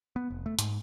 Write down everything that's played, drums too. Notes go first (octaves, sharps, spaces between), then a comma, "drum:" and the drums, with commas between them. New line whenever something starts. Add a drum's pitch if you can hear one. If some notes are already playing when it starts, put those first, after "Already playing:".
B3
F1
A3
G#2, drum: hi-hat